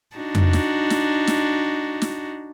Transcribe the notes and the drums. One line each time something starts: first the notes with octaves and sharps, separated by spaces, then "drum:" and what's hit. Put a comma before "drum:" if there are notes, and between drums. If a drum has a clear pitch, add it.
D4 D#4 F#4
drum: tom F2
drum: snare
drum: snare
drum: snare
drum: snare